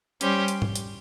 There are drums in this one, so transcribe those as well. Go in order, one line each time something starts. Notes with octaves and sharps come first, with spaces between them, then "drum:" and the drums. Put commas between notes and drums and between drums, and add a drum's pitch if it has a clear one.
G3 C#4 G4 C5, drum: hi-hat
drum: hi-hat
drum: tom G#2
drum: hi-hat